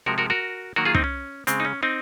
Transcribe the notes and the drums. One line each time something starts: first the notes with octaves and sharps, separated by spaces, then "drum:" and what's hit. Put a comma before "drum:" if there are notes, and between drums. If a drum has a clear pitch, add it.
C3 F3 G#3 F#4 A#4
F#4 A#4
F#4 A#4
D#3 F#3 A#3 F#4 A#4
F4 G#4
C4 D#4, drum: kick
C#4
C#3 G#3 C4, drum: hi-hat
D#4
C#4
C4 D#4